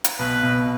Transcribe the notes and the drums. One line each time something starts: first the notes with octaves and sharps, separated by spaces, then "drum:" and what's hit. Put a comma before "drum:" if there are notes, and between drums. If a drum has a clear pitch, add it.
drum: hi-hat
B1 B2 B4
B1 B2